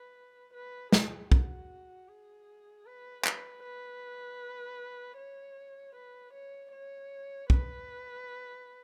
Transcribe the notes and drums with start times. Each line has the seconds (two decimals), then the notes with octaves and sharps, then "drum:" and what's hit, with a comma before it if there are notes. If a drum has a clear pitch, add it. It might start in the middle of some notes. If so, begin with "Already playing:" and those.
Already playing: B4
0.54 B4
0.92 G#4, drum: snare
1.32 F#4, drum: kick
2.09 G#4
2.86 B4
3.25 B4, drum: clap
3.63 B4
5.18 C#5
5.95 B4
6.33 C#5
6.72 C#5
7.50 B4, drum: kick